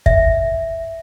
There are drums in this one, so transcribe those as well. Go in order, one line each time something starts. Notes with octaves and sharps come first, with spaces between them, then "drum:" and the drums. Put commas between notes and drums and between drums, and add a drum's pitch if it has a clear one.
E5, drum: kick